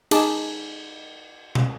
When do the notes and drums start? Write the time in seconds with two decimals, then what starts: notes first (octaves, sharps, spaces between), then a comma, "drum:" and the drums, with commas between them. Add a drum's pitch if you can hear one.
0.11 D#4 G#4 A5 D6, drum: cymbal
1.55 drum: tom